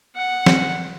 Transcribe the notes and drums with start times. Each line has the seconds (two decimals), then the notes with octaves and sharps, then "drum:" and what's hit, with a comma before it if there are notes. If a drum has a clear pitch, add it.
0.16 F#5
0.46 drum: snare